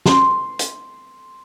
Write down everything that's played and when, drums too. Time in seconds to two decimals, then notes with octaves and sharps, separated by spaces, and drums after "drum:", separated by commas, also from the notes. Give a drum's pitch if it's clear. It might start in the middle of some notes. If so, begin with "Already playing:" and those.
0.06 C6, drum: snare
0.59 drum: hi-hat